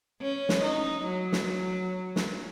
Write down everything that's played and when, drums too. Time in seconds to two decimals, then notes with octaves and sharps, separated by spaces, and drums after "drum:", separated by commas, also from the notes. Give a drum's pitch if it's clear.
0.21 C#4
0.49 drum: snare
0.62 D#4
1.05 F#3
1.32 drum: snare
2.16 drum: snare